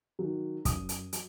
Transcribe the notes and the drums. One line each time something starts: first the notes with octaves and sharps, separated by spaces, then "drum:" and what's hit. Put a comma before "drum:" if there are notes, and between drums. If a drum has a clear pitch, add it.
D#3 F#3
F#2 D#6, drum: kick, hi-hat
drum: hi-hat
F#3, drum: hi-hat